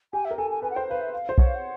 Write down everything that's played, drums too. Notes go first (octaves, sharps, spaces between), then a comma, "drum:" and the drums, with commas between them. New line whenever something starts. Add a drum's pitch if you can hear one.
G4 G#5
E5
A#4
A4 G#5
G#5
B4 G#5
F#5
C5 G5
B4 F5
E5
F5
C5
C#5 F#5, drum: kick
F5
F#5